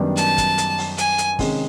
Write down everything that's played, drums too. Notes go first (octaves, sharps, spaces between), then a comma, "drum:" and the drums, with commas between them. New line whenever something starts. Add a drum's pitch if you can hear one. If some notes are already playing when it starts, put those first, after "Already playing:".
Already playing: F#2 D#3 G3 B3 D4
A5, drum: hi-hat
drum: kick, hi-hat
drum: hi-hat
drum: open hi-hat
G#5, drum: hi-hat
drum: hi-hat
C3 D#3 G#3 C#4, drum: kick, open hi-hat